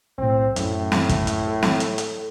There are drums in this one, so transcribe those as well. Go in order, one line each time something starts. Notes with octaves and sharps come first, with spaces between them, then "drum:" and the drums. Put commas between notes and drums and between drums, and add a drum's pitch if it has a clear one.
B1 A2 C4
F#2 A2, drum: hi-hat
drum: snare
drum: kick, hi-hat
drum: hi-hat
A4
drum: snare
drum: hi-hat
drum: hi-hat